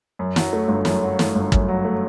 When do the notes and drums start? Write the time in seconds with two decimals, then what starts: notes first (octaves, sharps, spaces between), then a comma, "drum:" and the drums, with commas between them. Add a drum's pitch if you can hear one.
0.19 F#2
0.36 F#3, drum: snare
0.53 A3
0.68 G1
0.85 F#2, drum: snare
1.02 F#3
1.19 A3, drum: snare
1.35 G1
1.52 F#2, drum: kick
1.68 F#3
1.85 A3